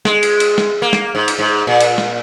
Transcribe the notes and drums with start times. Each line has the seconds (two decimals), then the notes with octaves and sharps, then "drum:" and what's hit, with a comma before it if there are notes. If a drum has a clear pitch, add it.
0.05 G#3, drum: snare
0.23 drum: cymbal
0.40 drum: cymbal
0.58 drum: snare
0.82 A#3
0.93 drum: snare
1.15 G#2
1.28 drum: cymbal
1.39 G#2
1.67 A#2
1.80 drum: cymbal
1.98 drum: snare